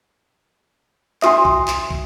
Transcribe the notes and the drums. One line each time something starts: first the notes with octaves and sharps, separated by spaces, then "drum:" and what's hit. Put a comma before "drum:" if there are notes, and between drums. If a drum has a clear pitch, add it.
D4 F#4 E5 C6 D#6, drum: clap
drum: kick
drum: clap
drum: kick